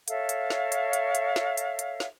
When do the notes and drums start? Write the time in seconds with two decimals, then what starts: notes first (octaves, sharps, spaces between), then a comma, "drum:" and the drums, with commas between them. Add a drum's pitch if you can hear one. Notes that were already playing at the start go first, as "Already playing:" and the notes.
0.08 A4 C#5 E5 F5, drum: hi-hat
0.29 drum: hi-hat
0.50 drum: snare
0.72 drum: hi-hat
0.93 drum: hi-hat
1.15 drum: hi-hat
1.36 drum: snare
1.57 drum: hi-hat
1.79 drum: hi-hat
2.00 drum: snare